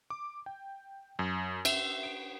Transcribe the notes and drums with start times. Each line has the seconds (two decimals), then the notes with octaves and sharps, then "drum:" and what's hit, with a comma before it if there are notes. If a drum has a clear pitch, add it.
0.10 D6
0.46 G5
1.19 F#2
1.65 E5, drum: cymbal
2.03 D7